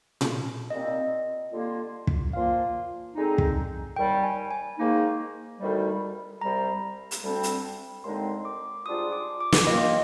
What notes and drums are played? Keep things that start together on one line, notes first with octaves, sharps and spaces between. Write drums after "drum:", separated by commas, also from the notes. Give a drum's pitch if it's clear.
drum: tom A#2
A#2 G3 C4 D#4 D#5
D3 G3 A#3 F4
drum: kick
A#2 F3 A#3 F4 F5
D3 G#3 C4 D#4
drum: kick
D#2 D#3 G3 G5
G#5
G#5
G#2 D#3 A#3 D#4
D2 C3 D#3 G3
C2 C3 G3 A#5
drum: hi-hat
D2 D3 G3 C4
drum: hi-hat
D#2 D3 G#3 C4 D#4 C6
D6
G#2 G3 D4 F4 D#6
D6
D6
drum: snare
D#2 D#3 A#3 F4 D#5